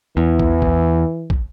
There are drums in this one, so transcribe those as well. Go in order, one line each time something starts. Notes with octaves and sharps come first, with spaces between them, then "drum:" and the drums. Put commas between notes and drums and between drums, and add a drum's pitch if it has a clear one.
E2 E3
drum: kick
drum: kick
drum: kick